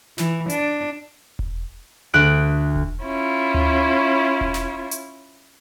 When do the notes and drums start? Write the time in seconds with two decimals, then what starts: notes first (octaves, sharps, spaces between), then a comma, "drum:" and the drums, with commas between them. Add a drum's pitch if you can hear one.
0.18 E3, drum: snare
0.50 D4, drum: hi-hat
1.39 drum: kick E1
2.14 D2 F#6 D7
2.76 drum: kick E1
3.02 C#4 E4 F4
3.54 drum: tom D2
4.41 drum: kick E1
4.54 drum: snare
4.91 drum: hi-hat